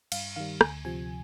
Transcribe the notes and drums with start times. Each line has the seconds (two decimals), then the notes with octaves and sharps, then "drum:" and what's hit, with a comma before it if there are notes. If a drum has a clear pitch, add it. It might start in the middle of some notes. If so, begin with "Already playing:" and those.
0.12 G2 F5, drum: cymbal
0.36 D#3 G3 F5
0.61 D2 G#5, drum: rim click
0.85 C3 F3 G#5